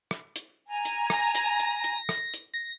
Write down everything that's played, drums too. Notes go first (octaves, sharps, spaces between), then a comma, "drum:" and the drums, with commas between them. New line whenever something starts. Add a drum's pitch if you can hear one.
drum: rim click
drum: hi-hat
G#5 A#5
drum: hi-hat
A#6, drum: rim click
drum: hi-hat
drum: hi-hat
drum: hi-hat
drum: rim click
drum: hi-hat
A#6